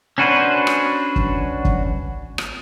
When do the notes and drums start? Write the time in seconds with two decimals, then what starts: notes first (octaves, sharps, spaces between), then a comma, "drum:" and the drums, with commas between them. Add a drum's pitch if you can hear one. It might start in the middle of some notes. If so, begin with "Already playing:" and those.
0.18 C#4 D4 F#4 B4 C5
0.67 drum: rim click
1.16 drum: kick F#1
1.65 drum: kick F#1
2.38 drum: rim click